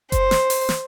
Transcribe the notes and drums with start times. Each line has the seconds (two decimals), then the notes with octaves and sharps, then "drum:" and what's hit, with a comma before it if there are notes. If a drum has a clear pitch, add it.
0.12 C5, drum: kick F#1, hi-hat
0.31 drum: snare
0.50 drum: open hi-hat
0.69 drum: snare